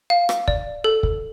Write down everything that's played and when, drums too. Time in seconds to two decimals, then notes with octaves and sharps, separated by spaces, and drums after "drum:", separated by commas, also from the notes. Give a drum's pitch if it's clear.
0.10 F5
0.29 drum: rim click
0.48 D5, drum: kick
0.84 A4
1.03 drum: kick